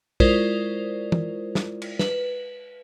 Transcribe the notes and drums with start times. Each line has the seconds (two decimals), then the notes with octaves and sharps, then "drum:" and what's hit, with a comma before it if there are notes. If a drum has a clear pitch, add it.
0.20 G#3 E4 F4 A#4 C5 D5, drum: kick
1.12 drum: tom
1.55 drum: snare
1.82 drum: cymbal
1.99 B4, drum: snare